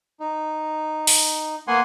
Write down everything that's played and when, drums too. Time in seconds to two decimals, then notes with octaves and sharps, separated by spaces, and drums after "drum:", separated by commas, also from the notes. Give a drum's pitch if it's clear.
0.20 D#4
1.07 drum: open hi-hat
1.68 A#3 B3 F#5 G#5 C6